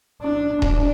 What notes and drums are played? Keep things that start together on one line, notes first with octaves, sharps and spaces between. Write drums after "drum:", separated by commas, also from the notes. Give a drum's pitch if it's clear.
D4
D4, drum: kick D#1